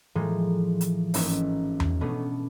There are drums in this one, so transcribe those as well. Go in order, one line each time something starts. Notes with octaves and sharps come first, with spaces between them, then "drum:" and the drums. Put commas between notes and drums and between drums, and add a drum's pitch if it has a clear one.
A2 E3 F3 G#3 A#3
drum: hi-hat
G#1 A#3 C#4 D#4 E4, drum: open hi-hat
drum: tom E2
B2 A3 B3 C#4 D4